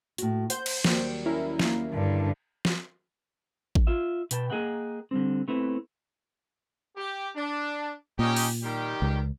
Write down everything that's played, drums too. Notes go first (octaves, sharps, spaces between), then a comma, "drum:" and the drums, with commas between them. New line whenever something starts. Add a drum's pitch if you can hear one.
A2 F#4, drum: hi-hat
C5 F#5 G6, drum: hi-hat
drum: cymbal
D#2 F#3 G3, drum: snare
C#4 E4 A#4
A#3, drum: snare
G2 D3
drum: snare
drum: kick A1
F4 E5
B2 B4 G5 A5, drum: hi-hat
A#3 G#4 A#4 D#5 F#5 G5
D3 G3 C4
A3 B3 C4 E4
G4
D4
A#2 C#4 D#4 G4
drum: open hi-hat
D#3 G3 G4
C#2